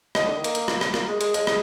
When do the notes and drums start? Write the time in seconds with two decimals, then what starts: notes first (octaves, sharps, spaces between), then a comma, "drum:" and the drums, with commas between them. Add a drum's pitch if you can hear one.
0.15 D#3 D#5, drum: rim click
0.25 D3
0.36 D#3
0.44 A#3, drum: hi-hat
0.55 drum: hi-hat
0.68 drum: rim click
0.81 drum: rim click
0.94 A#3, drum: rim click
1.08 G#3
1.21 G#3, drum: hi-hat
1.34 G#3 D#5, drum: hi-hat
1.47 drum: rim click